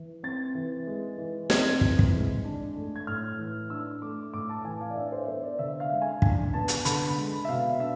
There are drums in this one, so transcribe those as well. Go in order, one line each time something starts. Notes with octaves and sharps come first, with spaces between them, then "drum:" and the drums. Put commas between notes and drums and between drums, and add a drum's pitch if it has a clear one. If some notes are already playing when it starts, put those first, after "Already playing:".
Already playing: E3
C4 A6
E3
G#3
E3
C4 G#6, drum: snare
E3, drum: kick
drum: kick
G#3
D4
A3
G#6
A2 F6
E3
D4 E6
A3 D6
A2 D6
A5
E3 G#5
F5
D5
D4 E5
C5
B3 C5
D5
D3 E5
F5
G#3
G#5
D4 G#5, drum: kick
B3 A5
drum: hi-hat
D3 B5, drum: hi-hat
G#3
E5
B2 F5
D4 E5